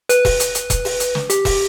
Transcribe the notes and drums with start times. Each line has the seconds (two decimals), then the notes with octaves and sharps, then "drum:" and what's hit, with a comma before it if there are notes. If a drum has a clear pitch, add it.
0.09 B4, drum: hi-hat
0.25 drum: kick E1, open hi-hat
0.40 drum: hi-hat
0.55 drum: hi-hat
0.70 drum: kick E1, hi-hat
0.85 drum: open hi-hat
1.00 drum: hi-hat
1.15 drum: snare
1.30 G4, drum: hi-hat
1.45 drum: kick E1, open hi-hat